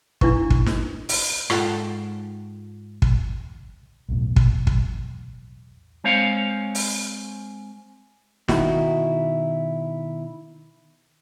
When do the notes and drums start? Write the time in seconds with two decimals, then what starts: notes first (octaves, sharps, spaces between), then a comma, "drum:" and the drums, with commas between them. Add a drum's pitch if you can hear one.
0.21 D4 E4 B4 C#6, drum: kick
0.50 drum: kick
0.66 drum: snare
1.09 drum: open hi-hat
1.50 G#2 F4 A4 F#5 G5 A5, drum: rim click
3.02 drum: kick
4.09 B1 E2 A2
4.36 drum: kick
4.67 drum: kick
6.04 G#3 C4 C5 C#5 F5
6.75 drum: open hi-hat
8.48 B2 D#3 D#4 E4 F#4, drum: snare